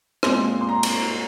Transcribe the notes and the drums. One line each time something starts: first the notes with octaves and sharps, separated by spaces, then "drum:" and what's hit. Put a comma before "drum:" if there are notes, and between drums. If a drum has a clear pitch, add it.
A#2 G#3 C4 C6, drum: rim click
C6
A#5
drum: cymbal